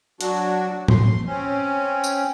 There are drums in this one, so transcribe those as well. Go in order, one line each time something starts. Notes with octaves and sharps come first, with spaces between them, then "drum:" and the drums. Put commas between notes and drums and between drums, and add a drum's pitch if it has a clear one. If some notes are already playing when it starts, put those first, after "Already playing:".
F#3 D4 F#4, drum: hi-hat
C6, drum: tom A2
C4 C#4
drum: tambourine